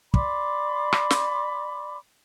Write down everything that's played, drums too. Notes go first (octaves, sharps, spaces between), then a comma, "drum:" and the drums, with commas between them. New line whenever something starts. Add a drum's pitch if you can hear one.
D5 B5 C6 D6, drum: kick
drum: rim click
drum: snare